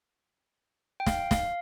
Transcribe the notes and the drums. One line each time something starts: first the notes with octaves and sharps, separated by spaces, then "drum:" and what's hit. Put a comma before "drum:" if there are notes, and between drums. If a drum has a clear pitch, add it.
G5
F5, drum: snare
F5, drum: snare